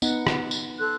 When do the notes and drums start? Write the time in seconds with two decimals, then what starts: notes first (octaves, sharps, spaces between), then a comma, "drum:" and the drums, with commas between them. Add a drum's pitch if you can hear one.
0.02 B3 D#4 F#5, drum: tambourine
0.27 drum: rim click
0.51 drum: tambourine
0.79 A4 C6 F#6